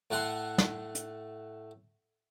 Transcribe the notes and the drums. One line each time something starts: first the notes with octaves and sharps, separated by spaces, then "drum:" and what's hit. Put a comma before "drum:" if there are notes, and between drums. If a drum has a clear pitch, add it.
A2 A3 F#5 C6
drum: snare
drum: hi-hat